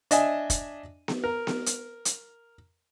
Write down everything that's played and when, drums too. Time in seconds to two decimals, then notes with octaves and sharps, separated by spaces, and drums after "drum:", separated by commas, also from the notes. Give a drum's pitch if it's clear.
0.11 D4 D#5 E5 G#5, drum: hi-hat
0.50 drum: kick, hi-hat
1.08 drum: snare B3
1.24 A#4
1.47 drum: snare B3
1.66 drum: hi-hat
2.05 drum: hi-hat